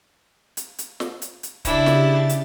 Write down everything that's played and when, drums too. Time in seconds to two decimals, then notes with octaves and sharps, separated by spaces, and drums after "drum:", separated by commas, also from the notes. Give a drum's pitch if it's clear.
0.57 drum: hi-hat
0.78 drum: hi-hat
1.00 drum: snare
1.22 drum: hi-hat
1.43 drum: hi-hat
1.65 C#3 D4 E4 G4 A6, drum: kick, hi-hat
1.86 drum: snare
2.29 drum: hi-hat